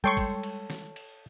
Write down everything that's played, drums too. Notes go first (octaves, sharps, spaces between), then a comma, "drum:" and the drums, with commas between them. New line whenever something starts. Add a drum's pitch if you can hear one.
G3 G#3 A4 C#5 G5 C6 C#6
drum: kick, cymbal
drum: cymbal
drum: snare
drum: cymbal